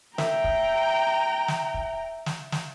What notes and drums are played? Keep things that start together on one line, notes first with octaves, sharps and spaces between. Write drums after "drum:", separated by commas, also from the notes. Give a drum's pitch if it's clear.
E5 G5 A#5, drum: snare
drum: kick
drum: snare
drum: kick
drum: snare
drum: snare